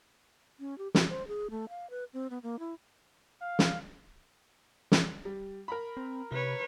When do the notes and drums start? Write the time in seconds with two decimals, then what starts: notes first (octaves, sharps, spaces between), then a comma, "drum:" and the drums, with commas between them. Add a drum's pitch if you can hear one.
0.60 C#4
0.78 G4
0.95 F#4, drum: snare
1.09 C5
1.28 G#4
1.51 A3
1.69 F5
1.90 B4
2.13 C4
2.30 B3
2.43 A#3
2.59 E4
3.41 F5
3.59 drum: snare
4.92 drum: snare
5.25 G3
5.68 A#4 A#5 B5
5.97 C4
6.32 C3 B4 C#5